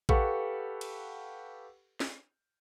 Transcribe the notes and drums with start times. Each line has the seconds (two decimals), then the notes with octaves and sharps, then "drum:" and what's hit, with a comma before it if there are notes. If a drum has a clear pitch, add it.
0.09 G4 A4 B4 F5 F#5 C#6, drum: kick A1
0.81 drum: cymbal
2.00 drum: snare